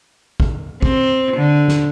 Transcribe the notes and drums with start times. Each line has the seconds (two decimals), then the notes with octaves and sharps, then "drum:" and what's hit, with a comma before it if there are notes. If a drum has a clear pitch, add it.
0.40 drum: kick G#1
0.83 C4, drum: kick G#1
1.37 D3
1.68 drum: snare